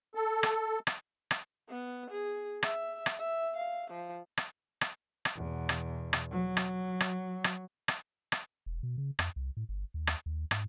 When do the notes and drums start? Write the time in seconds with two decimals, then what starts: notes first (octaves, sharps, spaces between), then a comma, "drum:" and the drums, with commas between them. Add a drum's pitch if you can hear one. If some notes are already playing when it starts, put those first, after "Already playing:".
0.15 A4
0.43 drum: rim click
0.87 drum: rim click
1.31 drum: rim click
1.69 B3
2.10 G#4
2.63 E5, drum: rim click
3.06 drum: rim click
3.19 E5
3.57 F5
3.91 F3
4.37 drum: rim click
4.81 drum: rim click
5.25 drum: rim click
5.36 E2 B2
5.69 drum: rim click
6.13 drum: rim click
6.31 F#3
6.57 drum: rim click
7.00 drum: rim click
7.44 drum: rim click
7.88 drum: rim click
8.32 drum: rim click
8.66 E1
8.83 B2
8.98 C#3
9.19 F2, drum: rim click
9.36 C2
9.57 A2
9.69 G1
9.94 D#2
10.07 drum: rim click
10.26 D#2
10.51 G#2, drum: rim click